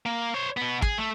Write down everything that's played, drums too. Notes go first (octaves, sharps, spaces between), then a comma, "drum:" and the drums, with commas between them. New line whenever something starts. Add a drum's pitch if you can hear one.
A#3
C5 C#5
B2 B3
G#4, drum: kick
A3